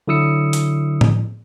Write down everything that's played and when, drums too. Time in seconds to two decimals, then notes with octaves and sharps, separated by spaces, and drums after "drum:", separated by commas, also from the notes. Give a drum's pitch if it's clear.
0.08 D3 F#3 E4 D#6 E6 C#7
0.53 drum: hi-hat
1.01 drum: tom A2